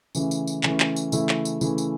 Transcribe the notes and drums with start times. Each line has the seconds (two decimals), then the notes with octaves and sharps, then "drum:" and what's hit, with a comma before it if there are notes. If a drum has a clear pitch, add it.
0.15 C#3 E3 A3 C#4 E4, drum: tambourine
0.31 drum: tambourine
0.47 drum: tambourine
0.63 C#3 E3 A3 C#4 E4, drum: clap
0.80 drum: clap
0.96 drum: tambourine
1.12 C#3 E3 A3 E4, drum: tambourine
1.29 drum: clap
1.45 drum: tambourine
1.61 C#3 E3 A3 E4, drum: tambourine
1.78 drum: tambourine